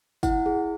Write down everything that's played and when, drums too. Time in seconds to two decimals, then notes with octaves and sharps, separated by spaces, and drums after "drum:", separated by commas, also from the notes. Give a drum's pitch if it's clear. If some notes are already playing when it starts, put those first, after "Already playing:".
0.23 E4 F#5, drum: kick G1, tambourine
0.46 G#4